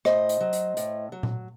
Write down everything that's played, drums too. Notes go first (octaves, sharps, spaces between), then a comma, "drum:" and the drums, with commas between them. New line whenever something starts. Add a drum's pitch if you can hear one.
A2 C5 D#5, drum: rim click
drum: hi-hat
F#3
drum: hi-hat
A2, drum: hi-hat
F#3
drum: tom A#2